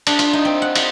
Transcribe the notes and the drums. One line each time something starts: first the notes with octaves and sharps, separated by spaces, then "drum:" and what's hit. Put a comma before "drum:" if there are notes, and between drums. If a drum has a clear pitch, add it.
D4, drum: cymbal
F4, drum: cymbal
D#4
C4
F#5
F4, drum: cymbal